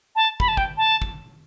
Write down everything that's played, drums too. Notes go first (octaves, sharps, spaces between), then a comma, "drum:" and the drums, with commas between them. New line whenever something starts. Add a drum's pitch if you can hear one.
A5
B5, drum: kick
A5
G5, drum: kick
A5
drum: kick